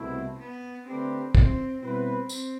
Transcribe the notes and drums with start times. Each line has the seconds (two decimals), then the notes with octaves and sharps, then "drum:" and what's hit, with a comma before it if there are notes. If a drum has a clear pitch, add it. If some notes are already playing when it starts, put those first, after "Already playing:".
Already playing: C2 B2 A3 C4 E4
0.39 B3
0.87 D3 A3 C4 D4 G4 B4
1.35 C4, drum: kick
1.82 B2 G3 B3 C4 E4 B4
2.29 C4, drum: tambourine